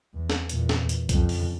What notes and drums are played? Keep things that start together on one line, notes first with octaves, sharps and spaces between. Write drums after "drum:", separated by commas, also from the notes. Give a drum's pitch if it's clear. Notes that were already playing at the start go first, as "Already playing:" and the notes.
E2
drum: snare
E2 A#2, drum: hi-hat
drum: snare
drum: hi-hat
F2 C#3, drum: kick B1, hi-hat
drum: open hi-hat